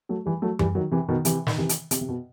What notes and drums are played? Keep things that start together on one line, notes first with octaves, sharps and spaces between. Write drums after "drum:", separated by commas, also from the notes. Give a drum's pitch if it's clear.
F#3 A3
E3 G3
F#3 A3
E3 G3, drum: tom F#2
D#3 F#3
C3 E3
B2 D#3
C3 E3, drum: hi-hat
D#3, drum: snare
C3 E3
drum: hi-hat
C3, drum: hi-hat
C3
B2